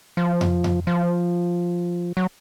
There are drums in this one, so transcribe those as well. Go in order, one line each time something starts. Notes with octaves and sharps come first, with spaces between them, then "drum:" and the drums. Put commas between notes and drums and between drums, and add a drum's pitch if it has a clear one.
F3
drum: tom F2
drum: tom F2
F3
F#3